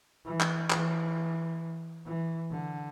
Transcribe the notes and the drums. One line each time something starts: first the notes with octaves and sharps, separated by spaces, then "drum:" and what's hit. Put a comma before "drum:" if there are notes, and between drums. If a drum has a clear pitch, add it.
E3
drum: clap
E3, drum: clap
E3
D3